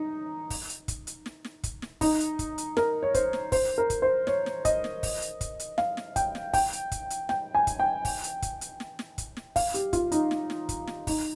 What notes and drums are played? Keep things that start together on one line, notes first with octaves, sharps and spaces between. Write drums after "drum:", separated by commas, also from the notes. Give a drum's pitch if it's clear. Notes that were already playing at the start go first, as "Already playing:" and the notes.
Already playing: D#4
drum: kick, open hi-hat
drum: hi-hat
drum: kick, hi-hat
drum: hi-hat
drum: snare
drum: snare
drum: kick, hi-hat
drum: snare
D#4, drum: kick, open hi-hat
drum: hi-hat
drum: kick, hi-hat
drum: hi-hat
A#4, drum: snare
C#5
C5, drum: kick, hi-hat
drum: snare
C5, drum: kick, open hi-hat
A#4
drum: kick, hi-hat
C5
C#5, drum: snare
drum: snare
D#5, drum: kick, hi-hat
drum: snare
drum: kick, open hi-hat
drum: hi-hat
drum: kick, hi-hat
drum: hi-hat
F5, drum: snare
drum: snare
G5, drum: kick, hi-hat
drum: snare
G5, drum: kick, open hi-hat
drum: hi-hat
drum: kick, hi-hat
drum: hi-hat
G5, drum: snare
G#5
drum: kick, hi-hat
G5
drum: kick, open hi-hat
drum: hi-hat
drum: kick, hi-hat
drum: hi-hat
drum: snare
drum: snare
drum: kick, hi-hat
drum: snare
F5, drum: kick, open hi-hat
G4, drum: hi-hat
F4, drum: kick, hi-hat
D#4, drum: hi-hat
drum: snare
drum: snare
drum: kick, hi-hat
drum: snare
D#4, drum: kick, open hi-hat